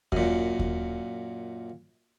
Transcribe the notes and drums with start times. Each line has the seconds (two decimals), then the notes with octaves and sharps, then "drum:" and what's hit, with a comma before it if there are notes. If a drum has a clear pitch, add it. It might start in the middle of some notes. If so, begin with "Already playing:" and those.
0.12 F#2 A#2, drum: kick D#2
0.59 drum: kick D#2